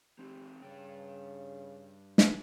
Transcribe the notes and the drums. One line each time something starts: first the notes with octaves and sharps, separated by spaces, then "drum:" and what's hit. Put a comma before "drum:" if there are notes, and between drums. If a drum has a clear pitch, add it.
E3 C4 D#4 G4
G2 C#3 F3 G5
drum: snare